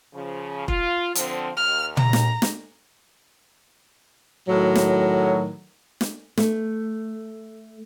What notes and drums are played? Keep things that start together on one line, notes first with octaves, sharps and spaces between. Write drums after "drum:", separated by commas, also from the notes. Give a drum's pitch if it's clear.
C#3 F3
F4, drum: kick E1
D3 F3 C4, drum: hi-hat
D#2 F6
A#5, drum: tom
drum: snare
drum: snare
A2 D#3 F#3
drum: snare
drum: snare
A3, drum: snare